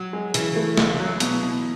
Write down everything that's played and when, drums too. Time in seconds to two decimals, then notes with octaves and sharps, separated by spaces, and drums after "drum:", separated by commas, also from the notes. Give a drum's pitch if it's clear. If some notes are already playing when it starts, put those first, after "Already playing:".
Already playing: F#3
0.13 G#3
0.34 C#3 E3, drum: hi-hat
0.56 A3
0.77 C#2, drum: snare
0.99 F#3
1.20 B2, drum: hi-hat
1.43 B2